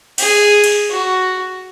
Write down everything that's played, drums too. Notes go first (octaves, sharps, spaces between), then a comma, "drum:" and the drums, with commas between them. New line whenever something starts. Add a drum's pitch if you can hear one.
G#4, drum: cymbal
drum: cymbal
F#4